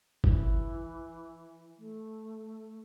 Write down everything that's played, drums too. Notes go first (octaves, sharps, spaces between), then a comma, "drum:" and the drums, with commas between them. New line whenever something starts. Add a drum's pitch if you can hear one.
E3, drum: kick G1
A3